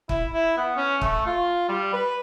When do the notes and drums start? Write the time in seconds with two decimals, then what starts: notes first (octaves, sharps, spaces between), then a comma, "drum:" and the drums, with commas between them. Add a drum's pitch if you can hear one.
0.09 E4, drum: kick
0.33 E4
0.58 B3
0.77 C#4
1.01 A3, drum: kick
1.26 F4
1.69 G3
1.93 B4